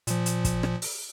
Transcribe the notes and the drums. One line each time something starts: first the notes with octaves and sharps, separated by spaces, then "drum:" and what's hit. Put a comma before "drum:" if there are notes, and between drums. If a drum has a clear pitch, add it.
A#2 F3, drum: hi-hat
drum: hi-hat
drum: kick, hi-hat
drum: rim click
drum: open hi-hat